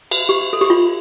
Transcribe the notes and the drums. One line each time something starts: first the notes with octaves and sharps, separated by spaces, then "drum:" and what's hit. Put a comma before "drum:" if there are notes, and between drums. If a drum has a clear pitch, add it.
drum: cymbal
G4
A4
G4, drum: hi-hat
F4